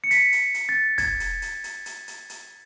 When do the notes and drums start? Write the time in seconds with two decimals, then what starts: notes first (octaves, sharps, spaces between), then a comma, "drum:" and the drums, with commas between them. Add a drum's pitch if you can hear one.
0.04 C#7
0.11 B6, drum: hi-hat
0.32 drum: hi-hat
0.54 drum: hi-hat
0.69 A6
0.98 G#6, drum: kick, hi-hat
1.20 drum: hi-hat
1.42 drum: hi-hat
1.64 drum: hi-hat
1.86 drum: hi-hat
2.08 drum: hi-hat
2.30 drum: hi-hat